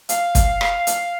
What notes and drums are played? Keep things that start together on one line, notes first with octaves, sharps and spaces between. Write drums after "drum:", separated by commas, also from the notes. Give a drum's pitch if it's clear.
F5, drum: hi-hat
drum: kick, hi-hat
drum: rim click
drum: hi-hat